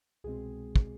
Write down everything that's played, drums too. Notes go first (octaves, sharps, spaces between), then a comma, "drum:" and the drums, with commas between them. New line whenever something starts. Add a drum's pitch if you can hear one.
C2 B2 G#3 C4 G#4
drum: kick